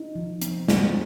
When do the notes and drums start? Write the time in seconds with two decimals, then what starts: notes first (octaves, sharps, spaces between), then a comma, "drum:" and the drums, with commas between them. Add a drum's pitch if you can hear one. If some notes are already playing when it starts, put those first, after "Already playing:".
Already playing: D#4
0.15 F3
0.42 C4, drum: hi-hat
0.68 C4, drum: snare